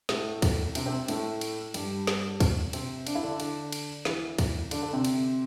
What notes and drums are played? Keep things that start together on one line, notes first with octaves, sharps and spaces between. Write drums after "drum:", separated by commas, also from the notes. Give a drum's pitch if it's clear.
A2 A3, drum: snare
drum: kick, cymbal
C3 C4, drum: cymbal
C3 C4
A2 A3, drum: cymbal
drum: cymbal
G2 G3, drum: cymbal
drum: snare
drum: kick, cymbal
C3 C4, drum: cymbal
D4, drum: cymbal
E4
D3 D4
D3 D4, drum: cymbal
drum: cymbal
E3 E4, drum: snare
drum: kick, cymbal
D3 D4, drum: cymbal
D3 D4
C3 C4
drum: cymbal